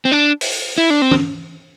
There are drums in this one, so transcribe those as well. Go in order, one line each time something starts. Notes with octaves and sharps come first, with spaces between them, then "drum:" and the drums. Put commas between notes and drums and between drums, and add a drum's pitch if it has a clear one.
C4
D4
drum: open hi-hat
E4
D4
C4
drum: tom